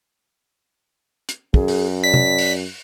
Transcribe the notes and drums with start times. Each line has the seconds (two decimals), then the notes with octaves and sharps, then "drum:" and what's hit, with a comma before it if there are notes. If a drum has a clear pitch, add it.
1.29 drum: hi-hat
1.54 F#2 G#4, drum: kick
1.68 drum: open hi-hat
2.04 D5 B6
2.14 drum: tom C3
2.38 drum: open hi-hat